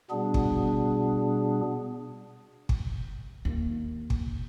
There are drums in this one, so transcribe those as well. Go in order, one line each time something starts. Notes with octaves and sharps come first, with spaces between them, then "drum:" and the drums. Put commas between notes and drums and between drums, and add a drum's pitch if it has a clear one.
B2 G3 B3 D4 G#4
drum: kick
drum: kick
D#2 D#3
drum: kick